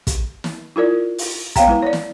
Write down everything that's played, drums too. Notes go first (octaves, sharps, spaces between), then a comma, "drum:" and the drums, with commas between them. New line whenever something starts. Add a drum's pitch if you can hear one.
drum: kick, hi-hat
drum: snare
E4 F4 A#4 D5
drum: open hi-hat
B3 C#5 F5 G5 A#5, drum: kick, hi-hat
G#3 E4 B4
C#5 D5
drum: snare